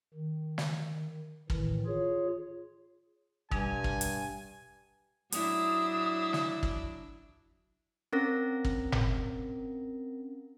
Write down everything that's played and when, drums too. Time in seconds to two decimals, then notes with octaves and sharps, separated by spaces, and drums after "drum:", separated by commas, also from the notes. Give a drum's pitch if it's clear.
0.14 D#3
0.58 drum: snare
1.50 A2 D#3 E3, drum: kick
1.86 F4 G#4 C#5
3.51 G2 B2 G3 D4 G#5, drum: kick
3.84 drum: kick
4.01 drum: hi-hat
5.32 F#3 D4 E4 D#6, drum: hi-hat
6.33 drum: snare
6.63 drum: kick
8.13 C4 C#4 A#4 A#6
8.65 drum: kick
8.92 drum: tom G1